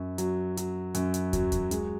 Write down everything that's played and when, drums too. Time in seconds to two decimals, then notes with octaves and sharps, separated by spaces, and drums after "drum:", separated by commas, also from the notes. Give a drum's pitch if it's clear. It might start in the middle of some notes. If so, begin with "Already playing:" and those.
Already playing: F#2 F#3 C#4
0.18 F#3, drum: hi-hat
0.57 F#3, drum: hi-hat
0.95 F#2, drum: hi-hat
1.14 drum: hi-hat
1.33 F#3, drum: kick, hi-hat
1.52 drum: kick, hi-hat
1.71 G#3, drum: hi-hat